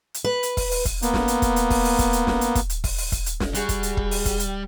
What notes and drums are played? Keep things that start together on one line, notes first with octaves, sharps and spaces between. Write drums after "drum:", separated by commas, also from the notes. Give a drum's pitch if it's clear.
drum: hi-hat
B4
drum: hi-hat
drum: kick, open hi-hat
drum: open hi-hat
drum: kick, hi-hat
A#3 B3, drum: hi-hat
drum: snare
drum: hi-hat
drum: kick, hi-hat
drum: hi-hat
drum: kick, open hi-hat
drum: open hi-hat
drum: kick, hi-hat
drum: hi-hat
drum: snare
drum: hi-hat
drum: kick, hi-hat
drum: hi-hat
drum: kick, open hi-hat
drum: open hi-hat
drum: kick, hi-hat
drum: hi-hat
drum: snare
G3 F#4 G#4 F#5, drum: hi-hat
drum: kick, hi-hat
drum: hi-hat
drum: kick
drum: open hi-hat
drum: kick, hi-hat
drum: hi-hat